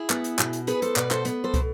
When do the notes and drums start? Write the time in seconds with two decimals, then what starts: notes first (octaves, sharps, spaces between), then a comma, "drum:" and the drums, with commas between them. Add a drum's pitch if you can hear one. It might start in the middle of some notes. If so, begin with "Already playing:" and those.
Already playing: E4 G#4
0.10 B3, drum: clap
0.24 drum: hi-hat
0.39 B2, drum: clap
0.53 drum: hi-hat
0.67 B3 G#4 B4, drum: hi-hat
0.82 A4 C5, drum: hi-hat
0.96 B2 B4 D5, drum: clap
1.11 A4 C5, drum: clap
1.25 B3, drum: hi-hat
1.44 A4 C5
1.54 B2, drum: kick, hi-hat